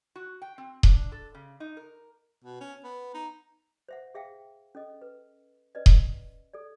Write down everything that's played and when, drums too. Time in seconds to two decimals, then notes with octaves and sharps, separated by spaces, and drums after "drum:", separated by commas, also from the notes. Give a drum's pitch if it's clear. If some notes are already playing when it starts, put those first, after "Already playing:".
0.16 F#4
0.42 G5
0.58 C4
0.83 D4, drum: kick D#1
1.12 A4
1.35 C#3
1.60 D#4
1.77 A#4
2.44 B2
2.60 C#4
2.84 B3
3.14 D#4
3.89 C5 E5 F#5
4.14 G#4 E5 F5 G5
4.75 C#4 A4 D#5
5.02 B4
5.75 C#4 B4 D5 D#5
5.86 drum: kick D#1
6.53 A4 D5